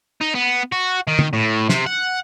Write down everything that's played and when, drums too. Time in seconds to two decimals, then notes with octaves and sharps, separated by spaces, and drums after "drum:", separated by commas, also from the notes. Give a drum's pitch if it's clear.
0.21 D#4
0.35 B3
0.72 F#4
1.07 D#3
1.19 drum: tom
1.33 A2
1.69 C3, drum: snare
1.87 F#5